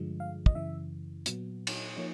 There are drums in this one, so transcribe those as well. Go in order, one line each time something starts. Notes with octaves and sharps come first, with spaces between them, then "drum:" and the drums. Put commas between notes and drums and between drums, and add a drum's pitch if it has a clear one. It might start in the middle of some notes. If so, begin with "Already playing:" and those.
Already playing: G2 D3 F3 G#3
F5
D#5, drum: kick
F#2 C#3 E3 E5
A#2 F#3 B3, drum: hi-hat
drum: cymbal
F3 A#3 D#4 C#5